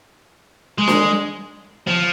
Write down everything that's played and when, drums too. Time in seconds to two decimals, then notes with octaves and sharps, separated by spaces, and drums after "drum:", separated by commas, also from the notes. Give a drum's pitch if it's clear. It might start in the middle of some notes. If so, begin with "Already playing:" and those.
0.78 G#3
0.88 drum: snare
1.87 F3